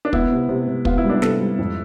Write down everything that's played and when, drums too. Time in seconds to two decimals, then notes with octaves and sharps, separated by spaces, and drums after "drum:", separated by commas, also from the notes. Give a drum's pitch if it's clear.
0.05 D4
0.13 B3 E4, drum: kick
0.32 C3
0.49 C3
0.68 C3
0.85 B3 F4, drum: kick
0.97 E4
1.04 G3
1.09 D4
1.22 C3 A4, drum: snare
1.40 G3
1.58 F2